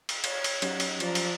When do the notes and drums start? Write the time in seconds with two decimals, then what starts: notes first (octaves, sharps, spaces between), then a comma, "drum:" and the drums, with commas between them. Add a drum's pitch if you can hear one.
0.09 drum: cymbal
0.24 C#5, drum: cymbal
0.44 drum: cymbal
0.62 F#3 C#4 D#4 G4 F#5, drum: cymbal
0.80 drum: cymbal
1.00 F3 D5 A#5, drum: cymbal
1.15 drum: cymbal